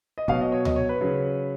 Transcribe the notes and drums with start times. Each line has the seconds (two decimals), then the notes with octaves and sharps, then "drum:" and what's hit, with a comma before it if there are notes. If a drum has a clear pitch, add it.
0.18 D#5
0.28 B2 F#3 F5, drum: kick
0.41 D#5
0.52 C#5
0.65 D#5, drum: tom D2
0.76 C#5
0.89 B4
1.01 C#3 F#3